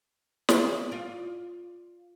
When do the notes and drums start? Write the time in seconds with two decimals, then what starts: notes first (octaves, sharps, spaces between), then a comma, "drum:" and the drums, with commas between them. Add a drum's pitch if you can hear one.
0.49 drum: snare
0.91 F4 D5